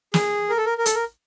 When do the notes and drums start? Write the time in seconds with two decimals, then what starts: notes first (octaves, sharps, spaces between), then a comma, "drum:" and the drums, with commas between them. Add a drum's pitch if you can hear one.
0.14 G#4, drum: snare
0.50 A#4
0.57 A4
0.66 A#4
0.78 A#4
0.86 A4, drum: hi-hat
0.95 A#4